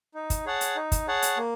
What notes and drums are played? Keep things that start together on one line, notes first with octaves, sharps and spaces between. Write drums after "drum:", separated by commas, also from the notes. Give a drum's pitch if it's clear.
D#4
drum: kick, hi-hat
G#4 C#5 F#5 A5
drum: hi-hat
D#4
drum: kick, hi-hat
G#4 C#5 F#5 A5
drum: hi-hat
A#3